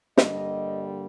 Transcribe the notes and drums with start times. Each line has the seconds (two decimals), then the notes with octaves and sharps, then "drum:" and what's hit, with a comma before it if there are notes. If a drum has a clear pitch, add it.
0.17 G2 D3 G3 A#3 D#5, drum: snare